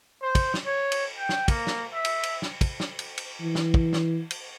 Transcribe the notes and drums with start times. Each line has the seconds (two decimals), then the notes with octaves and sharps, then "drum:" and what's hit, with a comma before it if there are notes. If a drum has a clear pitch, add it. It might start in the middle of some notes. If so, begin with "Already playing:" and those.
0.22 C5
0.35 drum: kick, cymbal
0.54 drum: snare
0.65 C#5
0.92 drum: cymbal
1.16 G5
1.29 drum: snare
1.48 A#3, drum: kick, cymbal
1.67 drum: snare
1.93 E5
2.05 drum: cymbal
2.23 drum: cymbal
2.42 drum: snare
2.61 drum: kick, cymbal
2.80 drum: snare
2.99 drum: cymbal
3.18 drum: cymbal
3.41 E3
3.55 drum: snare
3.74 drum: kick
3.93 drum: snare
4.30 drum: cymbal